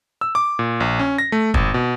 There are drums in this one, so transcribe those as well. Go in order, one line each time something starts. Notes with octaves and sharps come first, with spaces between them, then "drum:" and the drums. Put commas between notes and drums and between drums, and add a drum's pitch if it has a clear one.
E6
D6
A#2
A#1
C#4
A#6
A3
G#1, drum: kick
B2